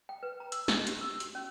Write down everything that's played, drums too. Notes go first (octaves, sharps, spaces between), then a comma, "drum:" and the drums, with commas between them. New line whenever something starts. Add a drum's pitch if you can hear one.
G5
B4
A#5
E6, drum: hi-hat
B5, drum: snare
G4, drum: hi-hat
E6
F#4, drum: hi-hat
C#4